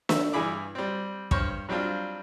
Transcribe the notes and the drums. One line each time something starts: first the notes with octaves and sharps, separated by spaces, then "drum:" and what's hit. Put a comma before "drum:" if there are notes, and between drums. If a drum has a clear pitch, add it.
E5, drum: snare
G2 E3 E4 G#4 B5 D6
G3 C4
G2 C5 C#5 C#6 F6, drum: kick
F#3 G3 C4 D4 F4